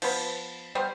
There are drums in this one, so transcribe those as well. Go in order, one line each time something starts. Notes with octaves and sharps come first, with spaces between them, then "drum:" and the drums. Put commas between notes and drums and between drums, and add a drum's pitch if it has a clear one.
F3 B3, drum: cymbal
G3 B3 C5